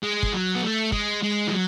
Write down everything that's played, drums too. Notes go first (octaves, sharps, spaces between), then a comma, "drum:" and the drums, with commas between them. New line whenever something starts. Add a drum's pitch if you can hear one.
G#3
drum: kick
F#3
B3
A3
G#3, drum: kick
G#3
E3
F#3